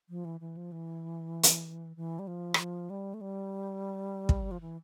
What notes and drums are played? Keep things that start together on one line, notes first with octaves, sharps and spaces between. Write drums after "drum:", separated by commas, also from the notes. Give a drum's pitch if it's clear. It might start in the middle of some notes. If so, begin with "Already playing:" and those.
F3
E3
E3
F3
E3
drum: hi-hat
E3
G3
F3
E3, drum: rim click
F3
G3
A3
G3
drum: kick
F3
E3